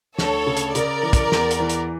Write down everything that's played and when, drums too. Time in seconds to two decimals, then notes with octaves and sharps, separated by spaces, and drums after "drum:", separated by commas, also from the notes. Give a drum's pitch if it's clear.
0.19 D2 A4 C#5, drum: snare
0.47 C#3
0.57 drum: hi-hat
0.75 C#3 A#4 D5, drum: hi-hat
1.03 E3
1.13 drum: kick, hi-hat
1.32 E2, drum: snare
1.51 drum: hi-hat
1.60 E3
1.70 drum: hi-hat